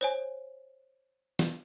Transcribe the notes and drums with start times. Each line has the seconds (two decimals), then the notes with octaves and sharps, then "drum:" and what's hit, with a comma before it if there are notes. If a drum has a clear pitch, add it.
0.01 C5 C#5 G#5
1.39 drum: snare